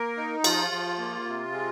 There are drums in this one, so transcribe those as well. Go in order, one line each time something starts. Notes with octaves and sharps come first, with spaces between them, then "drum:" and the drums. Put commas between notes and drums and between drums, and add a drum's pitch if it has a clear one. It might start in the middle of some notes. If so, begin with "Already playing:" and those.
Already playing: A#3 A#4
D#4
F3 F4, drum: cymbal
F3
A#3
C3
G#3